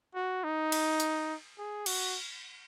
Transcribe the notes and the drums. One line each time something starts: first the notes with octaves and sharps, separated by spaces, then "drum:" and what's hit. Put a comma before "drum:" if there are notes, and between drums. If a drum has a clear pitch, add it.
F#4
D#4
drum: cymbal
drum: hi-hat
G#4
F#4, drum: cymbal